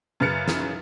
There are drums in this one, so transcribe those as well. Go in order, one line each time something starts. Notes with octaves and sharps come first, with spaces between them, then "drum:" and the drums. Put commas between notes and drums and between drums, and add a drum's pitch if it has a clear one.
F#2 C#3 B4 F6 A6 C#7
drum: snare